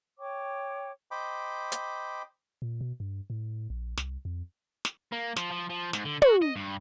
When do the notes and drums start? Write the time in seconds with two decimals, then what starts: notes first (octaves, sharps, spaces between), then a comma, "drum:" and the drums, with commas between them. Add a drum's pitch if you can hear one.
0.18 C#5 G5 C#6 D6
1.11 C5 D#5 G5 B5 D6
1.72 drum: hi-hat
2.62 A#2
2.81 B2
3.00 G2
3.30 A2
3.70 A#1
3.97 C2, drum: snare
4.25 F2
4.85 drum: snare
5.12 A#3
5.36 F3, drum: snare
5.51 F3
5.69 F3
5.93 G#2, drum: snare
6.05 D3
6.22 F#4, drum: tom
6.42 D#5
6.56 G2